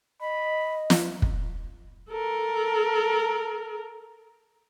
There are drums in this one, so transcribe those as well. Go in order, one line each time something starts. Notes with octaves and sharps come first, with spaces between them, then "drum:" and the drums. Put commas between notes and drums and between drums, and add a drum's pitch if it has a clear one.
D#5 B5
drum: snare
drum: kick
A4 A#4